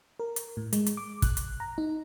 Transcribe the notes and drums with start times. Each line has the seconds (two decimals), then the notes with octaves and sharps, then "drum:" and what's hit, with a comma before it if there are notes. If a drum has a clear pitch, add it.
0.20 A#4
0.36 drum: hi-hat
0.57 A2
0.73 G#3, drum: hi-hat
0.86 drum: hi-hat
0.97 D6
1.22 F#6, drum: kick, hi-hat
1.37 drum: hi-hat
1.60 A#5
1.78 D#4